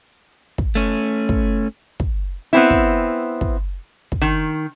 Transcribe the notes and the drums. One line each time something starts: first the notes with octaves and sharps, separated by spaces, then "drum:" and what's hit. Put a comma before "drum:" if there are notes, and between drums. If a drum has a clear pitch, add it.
drum: kick
A3 C#4
drum: kick
drum: kick
B3 C4 E4
drum: kick
drum: kick
drum: kick
D#3